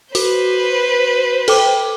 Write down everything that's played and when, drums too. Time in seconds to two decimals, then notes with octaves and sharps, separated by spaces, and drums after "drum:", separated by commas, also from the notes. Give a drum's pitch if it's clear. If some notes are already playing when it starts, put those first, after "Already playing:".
0.15 F#4 B4 C5, drum: open hi-hat
1.48 A4 G5 D6, drum: cymbal